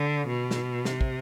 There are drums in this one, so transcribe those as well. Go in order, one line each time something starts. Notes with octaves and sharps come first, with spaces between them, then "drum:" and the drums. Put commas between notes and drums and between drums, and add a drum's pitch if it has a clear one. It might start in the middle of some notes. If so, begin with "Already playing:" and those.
Already playing: D3
B2
drum: snare
C3, drum: snare
drum: kick